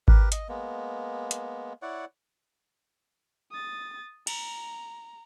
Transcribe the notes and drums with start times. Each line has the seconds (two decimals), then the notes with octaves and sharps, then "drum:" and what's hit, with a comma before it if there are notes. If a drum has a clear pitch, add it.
0.08 G4 A#4 B4, drum: kick G#1
0.32 D#5, drum: hi-hat
0.49 G#3 A#3 B3
1.31 drum: hi-hat
1.82 E4 C#5 D5 F#5
3.51 D#6 A6
4.27 A#5, drum: cymbal